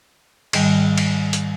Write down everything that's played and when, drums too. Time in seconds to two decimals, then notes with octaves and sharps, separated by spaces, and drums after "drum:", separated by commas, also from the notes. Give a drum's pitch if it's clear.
0.53 G#2 D#3 G3, drum: cymbal
0.98 drum: cymbal
1.33 drum: hi-hat